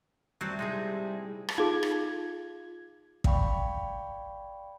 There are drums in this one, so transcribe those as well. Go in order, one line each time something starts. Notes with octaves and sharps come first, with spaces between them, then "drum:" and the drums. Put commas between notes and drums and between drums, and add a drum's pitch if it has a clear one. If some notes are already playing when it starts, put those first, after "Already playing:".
A2 F#3 G3 C4 F#4
C3 G#3 D#4 E4 G#4
drum: rim click
D#4 F4 G#4 G#6
drum: rim click
D5 F5 G5 B5 C#6, drum: kick